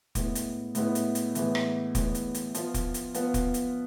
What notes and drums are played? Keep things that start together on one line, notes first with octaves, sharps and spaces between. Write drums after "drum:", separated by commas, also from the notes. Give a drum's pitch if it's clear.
A2 G#3 B3 E4, drum: kick, hi-hat
drum: hi-hat
A2 G#3 B3 E4, drum: hi-hat
drum: hi-hat
drum: hi-hat
A2 E3 G#3 B3, drum: hi-hat
drum: rim click
A2 E3 G#3 B3, drum: kick, hi-hat
drum: hi-hat
drum: hi-hat
F3 B3 F4, drum: hi-hat
drum: kick, hi-hat
drum: hi-hat
F3 B3 F4, drum: hi-hat
drum: kick, hi-hat
drum: hi-hat